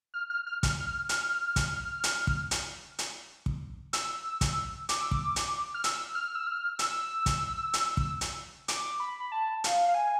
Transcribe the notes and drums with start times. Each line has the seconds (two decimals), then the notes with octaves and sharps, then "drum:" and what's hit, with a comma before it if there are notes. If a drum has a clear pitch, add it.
0.14 F6
0.30 F6
0.47 F6
0.63 F6, drum: kick, hi-hat
0.80 F6
1.09 F6, drum: hi-hat
1.56 drum: kick, hi-hat
2.04 drum: hi-hat
2.27 drum: kick
2.51 drum: hi-hat
2.99 drum: hi-hat
3.46 drum: kick
3.93 E6, drum: hi-hat
4.41 drum: kick, hi-hat
4.89 D6, drum: hi-hat
5.00 E6
5.11 D6, drum: kick
5.36 drum: hi-hat
5.74 F6
5.84 E6, drum: hi-hat
6.15 F6
6.35 E6
6.47 F6
6.79 E6, drum: hi-hat
7.26 drum: kick, hi-hat
7.73 drum: hi-hat
7.97 drum: kick
8.21 drum: hi-hat
8.68 D6, drum: hi-hat
9.00 B5
9.20 B5
9.32 A5
9.64 F5, drum: hi-hat
9.88 F5
9.95 G#5